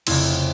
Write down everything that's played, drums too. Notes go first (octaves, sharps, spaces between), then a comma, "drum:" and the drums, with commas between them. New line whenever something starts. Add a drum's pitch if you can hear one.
F1 F2 C#3 C4 E4, drum: cymbal